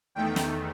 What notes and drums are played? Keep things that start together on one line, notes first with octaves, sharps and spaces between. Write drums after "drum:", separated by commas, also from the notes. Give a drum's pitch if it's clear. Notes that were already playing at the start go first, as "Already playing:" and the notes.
E2 D#3 A3 G5
drum: snare